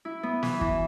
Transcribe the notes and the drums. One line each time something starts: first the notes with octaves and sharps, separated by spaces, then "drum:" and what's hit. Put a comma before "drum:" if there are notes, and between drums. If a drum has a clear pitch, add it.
E4
B3
E3, drum: snare
E3, drum: kick